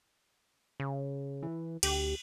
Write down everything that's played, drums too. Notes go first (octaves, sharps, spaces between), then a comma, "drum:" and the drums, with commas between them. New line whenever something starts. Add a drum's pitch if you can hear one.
C#3
E3
D2 G4, drum: cymbal